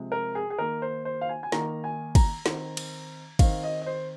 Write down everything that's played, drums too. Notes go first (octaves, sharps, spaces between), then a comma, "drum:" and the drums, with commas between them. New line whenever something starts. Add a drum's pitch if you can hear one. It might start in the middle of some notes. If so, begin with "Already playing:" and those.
Already playing: C3 F3 G#3
A#4
G#4
G#4
D#3 A#3 A#4
C5
C5
F5
G#5
G#5
D#3 A#3 A#5, drum: snare
G#5
A#5, drum: kick, cymbal
D#3 C4, drum: snare
drum: cymbal
D#3 C4 F5, drum: kick, cymbal
D#5
D#5
C5